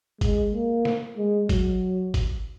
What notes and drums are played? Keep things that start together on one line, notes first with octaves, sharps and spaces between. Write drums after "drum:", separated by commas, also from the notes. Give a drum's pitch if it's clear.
G#3, drum: kick G1, hi-hat
A#3
drum: snare
G#3
F#3, drum: kick G1, hi-hat
drum: kick G1, hi-hat